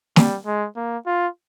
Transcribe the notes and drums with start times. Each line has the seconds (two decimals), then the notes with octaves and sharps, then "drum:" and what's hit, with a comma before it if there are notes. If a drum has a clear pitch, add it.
0.16 G3, drum: snare
0.46 G#3
0.76 A#3
1.06 F4